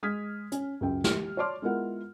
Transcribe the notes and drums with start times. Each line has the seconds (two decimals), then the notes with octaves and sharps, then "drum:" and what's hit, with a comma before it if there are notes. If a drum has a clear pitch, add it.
0.03 G#3 D#6 F6 G#6 B6
0.52 C#4, drum: hi-hat
0.81 C#2 F#2 G5
1.04 G4 F6, drum: snare
1.37 C#5 D5 A5 C6 D6 F6
1.62 G#3 B3 E4 F4 A#4 F#5